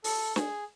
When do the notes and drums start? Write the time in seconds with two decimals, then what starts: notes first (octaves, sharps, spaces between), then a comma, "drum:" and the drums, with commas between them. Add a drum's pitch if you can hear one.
0.04 A4, drum: open hi-hat
0.36 G#4, drum: snare